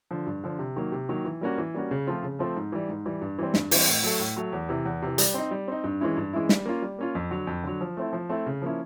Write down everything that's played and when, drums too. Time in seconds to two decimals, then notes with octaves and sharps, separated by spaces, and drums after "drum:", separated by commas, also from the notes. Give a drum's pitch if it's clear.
0.11 D3 F3
0.27 G2
0.44 D3 F3
0.59 C3
0.76 D#3 F#3 A#3
0.92 C3
1.09 D#3 F#3 A#3
1.25 E3
1.41 G3 A#3 C#4 F#4
1.58 E3
1.74 G3 A#3 C#4 F#4
1.91 C#3
2.07 F3 A3 C4 F4
2.23 C#3
2.39 F3 A3 C4 F4
2.56 G#2
2.72 E3 G3
2.89 G#2
3.06 E3 G3
3.22 G2
3.38 E3 G3 C4
3.54 G2, drum: snare
3.71 E3 G3 C4, drum: open hi-hat
3.87 A2
4.03 F#3 A3
4.19 A2
4.37 F#3 A3
4.53 E2
4.69 C3 E3
4.86 E2
5.02 C3 E3
5.18 G3, drum: hi-hat
5.34 C4 D#4
5.51 G3
5.68 C4 D#4
5.84 G2
6.01 E3 G#3 C#4 E4
6.17 G2
6.33 E3 G#3 C#4 E4
6.49 G3, drum: snare
6.66 A#3 C#4 F4
6.82 G3
6.99 A#3 C#4 F4
7.15 F2
7.31 D3 F#3
7.47 F2
7.63 D3 F#3
7.81 F3
7.97 A3 C4 E4
8.13 F3
8.29 A3 C4 E4
8.46 C#3
8.62 F3 A#3 C#4 E4